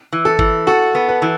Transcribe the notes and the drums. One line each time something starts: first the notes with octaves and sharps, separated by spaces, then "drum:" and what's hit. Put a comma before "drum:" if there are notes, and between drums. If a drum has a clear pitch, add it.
E3
A4
E3, drum: kick
F#4 A4
B3
B4
E3